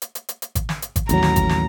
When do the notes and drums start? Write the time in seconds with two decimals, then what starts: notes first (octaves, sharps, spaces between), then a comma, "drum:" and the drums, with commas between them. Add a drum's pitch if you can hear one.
0.02 drum: hi-hat
0.15 drum: hi-hat
0.29 drum: hi-hat
0.42 drum: hi-hat
0.55 drum: kick G#1, hi-hat
0.69 drum: snare
0.82 drum: hi-hat
0.96 drum: kick G#1, hi-hat
1.09 A1 D#2 F#3 A#5, drum: hi-hat
1.23 drum: snare
1.36 drum: kick G#1, hi-hat
1.49 drum: snare